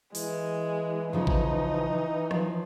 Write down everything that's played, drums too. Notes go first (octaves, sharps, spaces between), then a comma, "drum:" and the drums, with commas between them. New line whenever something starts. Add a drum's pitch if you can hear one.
E3 G#3, drum: open hi-hat
C#3 F3 D#4
drum: kick A1
F3 F#3, drum: rim click